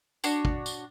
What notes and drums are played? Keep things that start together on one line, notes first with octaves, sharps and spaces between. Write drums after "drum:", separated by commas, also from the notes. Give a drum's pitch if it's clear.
D4 F#4 C#5, drum: tambourine
drum: kick
drum: tambourine